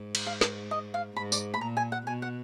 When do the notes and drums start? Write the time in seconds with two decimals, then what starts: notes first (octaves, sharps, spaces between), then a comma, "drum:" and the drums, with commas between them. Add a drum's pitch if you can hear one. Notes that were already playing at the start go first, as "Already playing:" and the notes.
Already playing: G#2
0.15 drum: cymbal
0.27 F5
0.41 D#5, drum: snare
0.71 D#5
0.94 F5
1.16 G#2 B5
1.32 D5, drum: tambourine
1.54 B5
1.61 A#2 A#5
1.77 G#5
1.92 F#5
2.07 B2 G#5
2.22 F#5